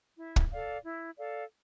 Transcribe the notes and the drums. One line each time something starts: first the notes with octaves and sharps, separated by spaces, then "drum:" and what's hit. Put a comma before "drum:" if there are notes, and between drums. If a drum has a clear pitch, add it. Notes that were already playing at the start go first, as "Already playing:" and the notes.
E4
drum: kick
A4 D5 F5
E4
A4 D5 F5